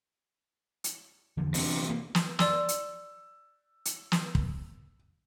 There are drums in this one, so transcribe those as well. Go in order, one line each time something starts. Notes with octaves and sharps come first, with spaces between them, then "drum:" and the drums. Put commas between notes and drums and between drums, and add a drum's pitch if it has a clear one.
drum: hi-hat
E2 D3 F3
E2 C3 D4, drum: open hi-hat
A#3
drum: snare
D5 C6 E6, drum: snare
drum: hi-hat
drum: hi-hat
drum: snare
drum: kick